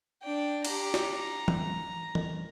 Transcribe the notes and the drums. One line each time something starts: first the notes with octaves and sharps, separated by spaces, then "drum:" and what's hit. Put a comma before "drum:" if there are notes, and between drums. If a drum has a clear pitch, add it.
D4 G5
G4 A#5, drum: cymbal
drum: snare
A#5
drum: tom
drum: tom E3